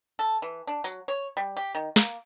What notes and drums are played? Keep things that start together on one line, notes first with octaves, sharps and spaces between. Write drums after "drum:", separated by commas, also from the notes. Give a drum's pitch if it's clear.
A4
E3
D4
F#3, drum: tambourine
C#5
G3
G4
D#3
A#3, drum: snare